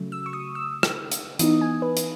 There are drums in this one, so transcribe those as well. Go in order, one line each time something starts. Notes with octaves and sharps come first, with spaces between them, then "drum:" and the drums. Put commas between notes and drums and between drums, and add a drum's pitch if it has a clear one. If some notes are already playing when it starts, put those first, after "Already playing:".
Already playing: C#3 F#3 A3
E6
C#6
D#6
E6
drum: rim click
drum: hi-hat
E3 B3 D#4 D#6, drum: hi-hat
G#5
B4
drum: hi-hat